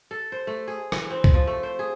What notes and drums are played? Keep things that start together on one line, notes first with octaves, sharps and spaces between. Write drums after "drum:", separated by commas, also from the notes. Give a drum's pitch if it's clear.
A4
C5
A3
G#4
E3, drum: rim click
C4
drum: kick C2
F3
A3
C5
G#4